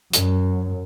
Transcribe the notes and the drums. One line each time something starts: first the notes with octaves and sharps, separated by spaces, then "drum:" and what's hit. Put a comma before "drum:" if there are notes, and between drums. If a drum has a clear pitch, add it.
F#2, drum: hi-hat